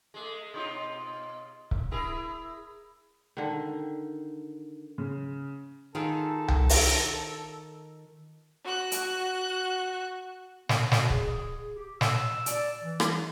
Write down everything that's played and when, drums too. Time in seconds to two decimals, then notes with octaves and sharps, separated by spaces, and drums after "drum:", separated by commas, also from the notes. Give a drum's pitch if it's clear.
0.14 G#3 A3
0.54 B2 D#4 F4
1.71 drum: kick C#1
1.91 E4 G#4 A#4
3.37 D3 D#3
4.98 C#3
5.95 D#3 F4 G#4 A4
6.48 drum: tom C2
6.69 drum: open hi-hat
8.64 F#4 F#6
8.92 drum: hi-hat
10.69 B3, drum: snare
10.92 B2, drum: snare
11.10 G#4, drum: kick C#1
11.75 G4
12.01 E6, drum: snare
12.46 D5, drum: hi-hat
12.82 E3
13.00 drum: rim click